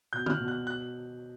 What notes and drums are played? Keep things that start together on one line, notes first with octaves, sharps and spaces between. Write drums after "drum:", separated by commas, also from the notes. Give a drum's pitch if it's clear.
B2 G6
F6, drum: tom
F#6
B2
F#6
F#6